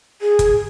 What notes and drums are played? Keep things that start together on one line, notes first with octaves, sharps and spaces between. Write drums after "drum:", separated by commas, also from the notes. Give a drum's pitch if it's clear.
G#4
drum: kick, hi-hat